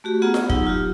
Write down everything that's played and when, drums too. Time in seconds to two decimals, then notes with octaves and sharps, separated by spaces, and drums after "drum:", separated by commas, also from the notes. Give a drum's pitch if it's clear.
0.04 A3 F#4 G4
0.22 B3 F4 G#4 F#5 A#5
0.34 drum: snare F4
0.50 F#3 D#4 F#5 E6, drum: kick
0.67 F4 G4